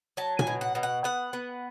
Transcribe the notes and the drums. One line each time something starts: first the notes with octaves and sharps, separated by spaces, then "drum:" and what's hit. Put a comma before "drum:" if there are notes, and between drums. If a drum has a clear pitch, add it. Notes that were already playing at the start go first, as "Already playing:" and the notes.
F#3 A5
G#5, drum: tom A#2
B2
F#5
B2
F#5
B3 F#5
B3